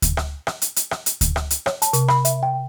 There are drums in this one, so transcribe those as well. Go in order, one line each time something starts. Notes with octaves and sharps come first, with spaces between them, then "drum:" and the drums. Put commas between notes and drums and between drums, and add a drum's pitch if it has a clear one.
drum: kick D2, hi-hat
drum: rim click
drum: rim click
drum: hi-hat
drum: hi-hat
drum: rim click
drum: hi-hat
drum: kick D2, hi-hat
drum: rim click
drum: hi-hat
C#5, drum: rim click
A5, drum: hi-hat
C3, drum: hi-hat
B5, drum: rim click
E5, drum: hi-hat
G5